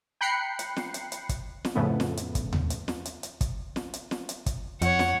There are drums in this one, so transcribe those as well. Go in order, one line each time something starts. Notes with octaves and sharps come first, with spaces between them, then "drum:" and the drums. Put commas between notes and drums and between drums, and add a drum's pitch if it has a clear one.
G5 A#5 B5 F#6 C7 C#7
drum: hi-hat
drum: snare
drum: hi-hat
drum: hi-hat
drum: kick, hi-hat
drum: snare
F2 A2 C#3 A3 B3
drum: snare
drum: hi-hat
drum: kick, hi-hat
drum: tom D#2
drum: hi-hat
drum: snare
drum: hi-hat
drum: hi-hat
drum: kick, hi-hat
drum: snare
drum: hi-hat
drum: snare
drum: hi-hat
drum: kick, hi-hat
F2 C#5 F#5, drum: hi-hat
drum: snare